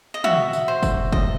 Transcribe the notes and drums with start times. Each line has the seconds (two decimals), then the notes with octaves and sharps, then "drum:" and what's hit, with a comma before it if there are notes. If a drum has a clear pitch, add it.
0.14 D#5
0.24 F#4 E5, drum: tom
0.53 drum: tambourine
0.68 C5
0.83 drum: kick, tambourine
1.12 D#5, drum: kick